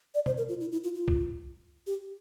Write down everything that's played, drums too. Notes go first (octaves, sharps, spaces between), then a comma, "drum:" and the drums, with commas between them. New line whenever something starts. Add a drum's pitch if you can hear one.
D5
C5, drum: tom B2
A#4
F4
E4
E4
F4
F4
drum: kick B1
G4